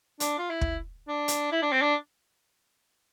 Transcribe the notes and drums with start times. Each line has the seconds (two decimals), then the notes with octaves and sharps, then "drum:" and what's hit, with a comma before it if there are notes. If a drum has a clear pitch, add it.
0.20 D4, drum: hi-hat
0.38 F4
0.50 E4
0.61 drum: kick
1.08 D4
1.28 drum: hi-hat
1.52 E4
1.62 D4
1.72 C4
1.81 D4